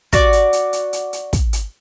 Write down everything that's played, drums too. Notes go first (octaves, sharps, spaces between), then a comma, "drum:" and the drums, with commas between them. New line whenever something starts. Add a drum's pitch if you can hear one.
F#4 D5, drum: kick, hi-hat
drum: hi-hat
drum: hi-hat
drum: hi-hat
drum: hi-hat
drum: hi-hat
drum: kick, hi-hat
drum: hi-hat